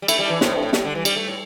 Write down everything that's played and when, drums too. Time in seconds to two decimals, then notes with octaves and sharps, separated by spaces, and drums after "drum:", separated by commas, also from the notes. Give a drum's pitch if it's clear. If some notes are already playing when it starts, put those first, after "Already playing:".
0.02 G3
0.08 A3 E4, drum: cymbal
0.19 G3
0.25 E3 D4
0.41 A2 C4, drum: snare
0.52 G2
0.57 A3
0.63 A2
0.73 A2 G3, drum: snare
0.85 D3
0.95 E3
1.05 G3, drum: cymbal
1.16 A3
1.27 A2